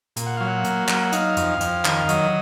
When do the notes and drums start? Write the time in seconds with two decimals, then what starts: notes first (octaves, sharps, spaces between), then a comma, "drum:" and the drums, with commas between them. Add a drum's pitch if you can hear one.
0.16 A#2, drum: hi-hat
0.26 F#5
0.37 F#3 F5
0.48 F#5
0.64 A#3, drum: hi-hat
0.88 F#3, drum: clap
1.12 D#4 F5, drum: hi-hat
1.37 F2, drum: hi-hat
1.61 F2, drum: hi-hat
1.85 D#3, drum: clap
2.09 F#3 D#5, drum: hi-hat